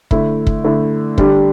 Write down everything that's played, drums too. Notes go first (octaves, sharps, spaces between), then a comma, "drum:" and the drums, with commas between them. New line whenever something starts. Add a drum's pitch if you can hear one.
D3 A3 E4, drum: kick
drum: kick
D3 A3 E4
D3 G3 D4 G4, drum: kick